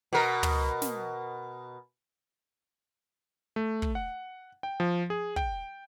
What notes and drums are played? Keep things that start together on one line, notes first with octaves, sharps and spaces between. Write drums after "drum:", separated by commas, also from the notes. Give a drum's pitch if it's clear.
B2 A#4
drum: tom
drum: snare
A3
drum: kick
F#5
G5
F3
G#4
G5, drum: kick